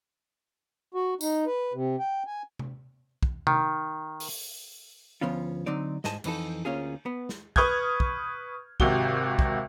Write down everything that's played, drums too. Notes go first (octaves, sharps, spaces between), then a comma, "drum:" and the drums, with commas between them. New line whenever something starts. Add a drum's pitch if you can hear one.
F#4
D#4, drum: tambourine
B4
C3
G5
G#5
drum: tom C3
drum: kick
D#3, drum: tom C3
drum: open hi-hat
D2 F3 B3 C#4 F4
D3 F#3 C4 D#4 D5
G#2 D#5 G#5 A5, drum: snare
F2 E3 D#4 A4, drum: cymbal
D2 A#3 C#4 F4 G#4
B3
drum: snare
B4 C#6 D#6 F6 G6 G#6, drum: kick
drum: kick
G#1 C3 F#4 G7, drum: kick
drum: kick